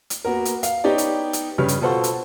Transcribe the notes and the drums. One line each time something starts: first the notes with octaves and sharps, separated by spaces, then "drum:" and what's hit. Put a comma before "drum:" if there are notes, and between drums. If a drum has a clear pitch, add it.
drum: hi-hat
A#3 B3 F#4 A#4
drum: hi-hat
F5, drum: hi-hat
B3 D#4 G4 C#5 D5
drum: hi-hat
drum: hi-hat
G2 C#3 G4 B4 C#5 F6
drum: hi-hat
B2 F4 A4 C5 F#5 C#6
drum: hi-hat